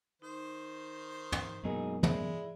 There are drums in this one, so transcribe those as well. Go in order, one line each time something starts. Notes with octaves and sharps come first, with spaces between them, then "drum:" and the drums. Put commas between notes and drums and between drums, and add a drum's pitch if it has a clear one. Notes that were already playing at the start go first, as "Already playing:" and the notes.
D#3 D#4 C5
drum: tom
F#2 B2 F#3 G#3 A#3 D4 D#4 G#4
G#3 E4 G#4 D5, drum: tom